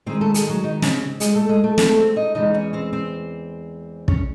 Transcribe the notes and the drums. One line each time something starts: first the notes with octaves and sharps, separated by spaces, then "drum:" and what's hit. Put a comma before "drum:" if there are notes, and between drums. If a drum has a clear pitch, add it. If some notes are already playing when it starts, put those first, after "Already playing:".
G#2 D#3 G#3 C4 C5
A3 A4
G#3 G#4, drum: hi-hat
F#3 F#4
D#3 D#4
C#3 C#4, drum: snare
C4
G#3 G#4, drum: hi-hat
A3 A4
G#3 G#4
A3 A4
A3 A4, drum: snare
C4 C5
D#4 D#5
E2 C#3 E3 G#3 D#4 D#5
C#4 C#5
C4 C5
C4 C5
C#4 C#5, drum: kick